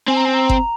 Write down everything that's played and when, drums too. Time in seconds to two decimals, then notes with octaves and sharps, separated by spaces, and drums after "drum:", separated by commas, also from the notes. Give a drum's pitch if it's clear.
0.08 C4 G#5
0.17 A#5
0.25 G#5
0.34 A#5
0.50 drum: kick G1